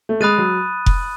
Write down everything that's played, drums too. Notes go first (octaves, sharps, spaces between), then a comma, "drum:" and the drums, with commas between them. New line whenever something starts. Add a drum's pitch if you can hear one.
A3
G#3 B5 D#6 F#6 A6 D#7
F#3
drum: kick F1